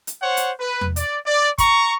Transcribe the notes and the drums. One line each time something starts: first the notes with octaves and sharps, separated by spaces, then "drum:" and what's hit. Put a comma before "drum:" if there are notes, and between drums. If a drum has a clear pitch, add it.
drum: hi-hat
C5 C#5 F#5
drum: hi-hat
B4
drum: tom E2
D5, drum: hi-hat
D5
A#5 C#6, drum: kick, hi-hat